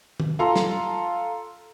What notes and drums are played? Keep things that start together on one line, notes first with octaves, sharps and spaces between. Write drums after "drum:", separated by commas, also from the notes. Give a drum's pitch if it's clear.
drum: tom
F4 A4 A#5 C6
drum: snare